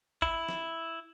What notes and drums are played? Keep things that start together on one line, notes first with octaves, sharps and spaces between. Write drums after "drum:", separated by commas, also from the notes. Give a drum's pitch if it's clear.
E4, drum: kick G1
drum: snare